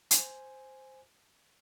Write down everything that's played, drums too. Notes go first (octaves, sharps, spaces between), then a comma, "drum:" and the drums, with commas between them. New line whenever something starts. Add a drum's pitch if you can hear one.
C5 G#5, drum: hi-hat